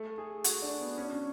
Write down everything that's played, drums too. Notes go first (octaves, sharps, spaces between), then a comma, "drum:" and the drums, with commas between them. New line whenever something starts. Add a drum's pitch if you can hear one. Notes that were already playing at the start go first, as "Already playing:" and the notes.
Already playing: A3
G#4
F#4, drum: hi-hat
D4
B3
C#4
D4
C#4